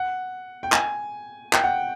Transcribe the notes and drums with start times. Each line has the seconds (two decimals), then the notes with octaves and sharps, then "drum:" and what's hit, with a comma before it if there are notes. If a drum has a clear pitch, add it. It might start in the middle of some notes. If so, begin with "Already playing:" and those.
Already playing: F#5
0.63 G5
0.72 G#5, drum: clap
1.53 G5, drum: clap
1.64 F#5